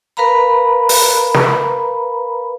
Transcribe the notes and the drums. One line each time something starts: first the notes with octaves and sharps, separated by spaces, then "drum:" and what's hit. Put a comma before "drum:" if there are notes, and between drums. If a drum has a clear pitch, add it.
A#4 B4 F5 A#5 B5
drum: open hi-hat
drum: snare